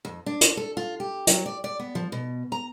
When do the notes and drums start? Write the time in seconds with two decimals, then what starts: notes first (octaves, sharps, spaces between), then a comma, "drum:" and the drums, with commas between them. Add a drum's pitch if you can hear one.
0.05 F2
0.26 D4
0.41 drum: hi-hat
0.57 A4
0.77 F4
1.00 G4
1.27 F#3, drum: hi-hat
1.46 D5
1.64 D5
1.79 B3
1.95 F3
2.12 B2
2.52 A#5